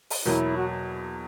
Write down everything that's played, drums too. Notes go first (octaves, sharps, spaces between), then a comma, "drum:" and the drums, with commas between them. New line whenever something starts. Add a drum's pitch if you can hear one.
drum: open hi-hat
E2 B2 F#3 A#3 E4
F#4